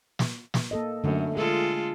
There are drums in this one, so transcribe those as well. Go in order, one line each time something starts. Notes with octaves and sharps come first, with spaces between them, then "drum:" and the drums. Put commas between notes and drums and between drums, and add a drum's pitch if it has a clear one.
drum: snare
drum: snare
A#3 A4 D#5
F#2 D3 A3
G#3 F4 G#4 A4